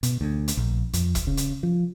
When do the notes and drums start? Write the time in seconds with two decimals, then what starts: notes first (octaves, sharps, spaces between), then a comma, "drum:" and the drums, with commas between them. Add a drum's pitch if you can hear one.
0.03 B2, drum: hi-hat
0.21 D2
0.48 drum: hi-hat
0.57 A#1
0.93 F2, drum: hi-hat
1.15 drum: kick, hi-hat
1.27 C#3
1.37 drum: hi-hat
1.63 F3